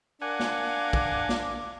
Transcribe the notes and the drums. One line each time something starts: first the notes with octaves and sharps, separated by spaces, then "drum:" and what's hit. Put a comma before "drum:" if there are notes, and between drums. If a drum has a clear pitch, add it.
D4 A#4 F5 F#5 G#5
drum: snare
drum: kick
drum: snare